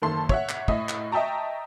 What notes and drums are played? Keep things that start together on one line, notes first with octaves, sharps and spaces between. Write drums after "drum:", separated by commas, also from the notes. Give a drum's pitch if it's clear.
F#1 D#3 A4 C6
C#5 E5 F#5, drum: kick
drum: clap
A2 D#5 E5, drum: kick
drum: clap
D#5 E5 G5 A5 A#5 C#6